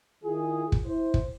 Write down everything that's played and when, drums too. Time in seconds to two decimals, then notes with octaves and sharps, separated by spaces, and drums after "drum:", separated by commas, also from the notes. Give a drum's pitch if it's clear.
0.24 D#3 E4 F4 G#4
0.72 drum: kick
0.86 E4 C5
1.14 drum: kick